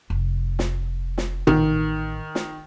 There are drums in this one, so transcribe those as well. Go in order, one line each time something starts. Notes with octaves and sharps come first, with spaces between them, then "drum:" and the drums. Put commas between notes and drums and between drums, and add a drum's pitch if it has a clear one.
F1
drum: snare
drum: snare
A1 D#3, drum: tom
drum: snare